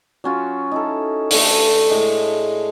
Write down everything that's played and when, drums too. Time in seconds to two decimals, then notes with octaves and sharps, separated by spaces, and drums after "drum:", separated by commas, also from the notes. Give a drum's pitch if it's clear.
0.24 F#3 C#4 F4
0.71 D#4 E4 A4
1.30 D3 A3, drum: open hi-hat
1.90 A2 G#3